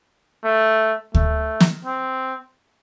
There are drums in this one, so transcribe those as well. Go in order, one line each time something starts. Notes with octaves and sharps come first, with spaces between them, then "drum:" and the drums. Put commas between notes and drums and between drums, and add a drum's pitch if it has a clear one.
A3
A3, drum: kick D2
drum: snare
C4